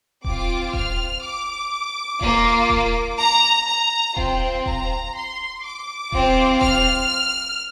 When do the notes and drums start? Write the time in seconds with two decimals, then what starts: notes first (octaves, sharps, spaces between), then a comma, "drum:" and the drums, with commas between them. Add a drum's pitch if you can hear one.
0.24 C4 F4 D6, drum: kick D#1
0.73 F6, drum: kick D#1
1.23 D6
2.21 A#3 F4, drum: kick D#1
2.70 drum: kick D#1
3.19 A#5
3.68 A#5
4.17 C4 F4 G5, drum: kick D#1
4.66 A#5, drum: kick D#1
5.14 C6
5.64 D6
6.12 C4 F4, drum: kick D#1
6.61 F6, drum: kick D#1